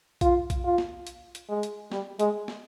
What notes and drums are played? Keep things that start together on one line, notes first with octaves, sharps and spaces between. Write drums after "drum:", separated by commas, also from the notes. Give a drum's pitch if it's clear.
F4, drum: kick A#1, hi-hat
drum: kick A#1, hi-hat
F4
drum: snare
drum: hi-hat
drum: hi-hat
G#3
drum: hi-hat
G3, drum: snare
G#3, drum: hi-hat
drum: snare